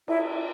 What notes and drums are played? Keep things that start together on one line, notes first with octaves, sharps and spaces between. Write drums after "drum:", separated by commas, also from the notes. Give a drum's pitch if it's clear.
E4, drum: cymbal